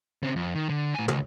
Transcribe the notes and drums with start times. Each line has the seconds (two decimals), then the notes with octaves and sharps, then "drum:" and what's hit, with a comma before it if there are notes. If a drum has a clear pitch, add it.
0.23 C#3 C4
0.36 F2
0.55 D#3
0.69 D3
0.95 A2 G#5
1.08 C#2, drum: tom